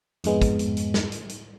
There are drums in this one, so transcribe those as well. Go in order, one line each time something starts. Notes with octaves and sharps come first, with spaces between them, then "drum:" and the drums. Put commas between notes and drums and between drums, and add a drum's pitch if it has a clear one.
F2 G#2 G#3 B3, drum: hi-hat
drum: kick, hi-hat
drum: hi-hat
drum: hi-hat
drum: snare
drum: hi-hat
drum: hi-hat